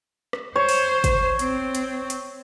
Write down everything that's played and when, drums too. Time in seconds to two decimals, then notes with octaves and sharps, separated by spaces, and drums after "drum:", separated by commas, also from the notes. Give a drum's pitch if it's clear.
0.33 drum: rim click
0.56 C5 C#5
0.69 drum: open hi-hat
1.04 drum: kick, hi-hat
1.39 C4, drum: hi-hat
1.75 drum: hi-hat
2.10 drum: hi-hat